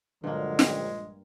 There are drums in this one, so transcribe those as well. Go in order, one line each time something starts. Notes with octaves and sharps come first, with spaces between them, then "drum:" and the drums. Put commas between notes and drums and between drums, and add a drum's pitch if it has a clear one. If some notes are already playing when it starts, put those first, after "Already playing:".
A#1 G2 D3 F#3 G#3 A#3
drum: snare